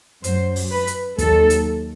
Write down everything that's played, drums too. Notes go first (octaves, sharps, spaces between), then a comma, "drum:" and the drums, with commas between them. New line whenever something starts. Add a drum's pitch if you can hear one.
F#2 F#3 C5, drum: hi-hat
drum: open hi-hat
B4
drum: hi-hat
D#2 D#3 F#3 A4, drum: kick, hi-hat
drum: hi-hat